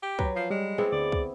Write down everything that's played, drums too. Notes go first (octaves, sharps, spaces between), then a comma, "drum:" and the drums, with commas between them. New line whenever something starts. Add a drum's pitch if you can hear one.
G4
F#3 B4, drum: kick
F3
G3 G#3
B3 C4 E4 G#4
D2 D5
drum: kick